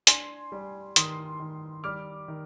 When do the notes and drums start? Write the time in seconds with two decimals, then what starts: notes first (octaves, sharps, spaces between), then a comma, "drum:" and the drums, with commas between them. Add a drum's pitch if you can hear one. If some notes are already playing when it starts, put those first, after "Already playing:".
0.07 D4 G#5 C6, drum: hi-hat
0.52 G3
0.96 D#3 C6 D#6, drum: hi-hat
1.40 D#3
1.84 G3 D6 F6
2.28 D#3